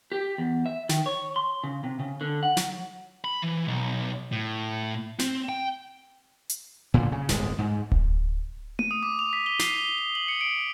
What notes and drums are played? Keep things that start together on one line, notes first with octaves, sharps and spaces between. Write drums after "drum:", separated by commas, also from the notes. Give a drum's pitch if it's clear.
G4
E2
E5
D#3, drum: snare
C#5
C6
C#3
C3
C#3
D3
F#5
F#3, drum: snare
B5
E3
B1
A2
C4, drum: snare
G5
drum: hi-hat
A#2 D3
C#3
D1 G1 G#3, drum: snare
G#2
drum: kick D1
D#7, drum: tom A3
D#6
D6
F7
B6
G7
C7, drum: snare
G7
G7
F#7
C#7
D7